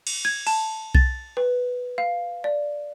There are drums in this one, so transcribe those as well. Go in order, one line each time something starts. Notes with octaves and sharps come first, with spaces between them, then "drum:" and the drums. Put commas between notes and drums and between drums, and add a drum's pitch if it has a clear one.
drum: cymbal
G#6
A5, drum: open hi-hat
A6, drum: kick B1
B4
F5
D5